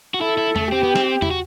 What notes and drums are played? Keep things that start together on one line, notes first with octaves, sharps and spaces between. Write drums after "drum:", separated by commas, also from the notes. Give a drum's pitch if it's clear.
F#4
E4 A4
E4
A3, drum: tom E2
C4 G4
B3
C4, drum: snare
E4, drum: tom E2
F#4